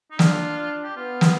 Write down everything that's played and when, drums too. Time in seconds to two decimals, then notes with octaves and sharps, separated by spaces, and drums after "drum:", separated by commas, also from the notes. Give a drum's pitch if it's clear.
0.11 D#4
0.19 D4 F4, drum: snare
0.83 G4
0.96 B3 F4
1.21 drum: snare